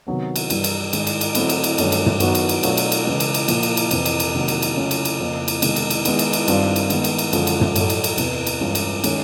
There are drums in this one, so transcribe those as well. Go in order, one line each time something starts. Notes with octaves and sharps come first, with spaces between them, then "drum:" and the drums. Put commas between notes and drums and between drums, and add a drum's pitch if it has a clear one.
C3 D#3 F#3 B3
drum: cymbal
G2 E3 G3, drum: cymbal
drum: cymbal
G#2 D#3 G#3, drum: cymbal
drum: cymbal
drum: cymbal
D3 F#3 A3 C4 E4, drum: cymbal
drum: cymbal
drum: cymbal
G2 D#3 F#3 A3 C#4, drum: cymbal
drum: cymbal
drum: tom
D#3 F#3 B3 D#4 F#4, drum: cymbal
drum: cymbal
drum: cymbal
B2 F#3 A3 D4 F4, drum: cymbal
drum: cymbal
drum: cymbal
C#3 E3 G#3
drum: cymbal
drum: cymbal
A#2 F3 A#3, drum: cymbal
drum: cymbal
drum: cymbal
F2 C3 E3, drum: cymbal
drum: cymbal
drum: cymbal
C3 D#3 F#3 A#3
drum: cymbal
drum: cymbal
C#3 F#3 A3 C#4 F4
drum: cymbal
drum: cymbal
F2 C#3 F3 A#3
drum: cymbal
C3 D#3 G#3 B3 D#4, drum: cymbal
drum: cymbal
drum: cymbal
D#3 G#3 B3 E4, drum: cymbal
drum: cymbal
drum: cymbal
G2 D#3 G3 C4 F4, drum: cymbal
drum: cymbal
D#3 G#3 B3, drum: cymbal
drum: cymbal
drum: cymbal
F#2 D3 F3 G#3, drum: cymbal
drum: cymbal
drum: tom
A2 F#3 A3, drum: cymbal
drum: cymbal
drum: cymbal
E2 C3 E3, drum: cymbal
drum: cymbal
G2 E3 G#3 C#4 F4
drum: cymbal
D#3 G#3 C#4, drum: cymbal